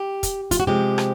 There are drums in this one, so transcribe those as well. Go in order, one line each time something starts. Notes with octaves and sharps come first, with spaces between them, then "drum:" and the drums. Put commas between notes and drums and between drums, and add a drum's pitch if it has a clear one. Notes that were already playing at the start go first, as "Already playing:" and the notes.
Already playing: G4
drum: kick, hi-hat
F4, drum: kick, hi-hat
F#4
C3 F3 G#3 G4
drum: rim click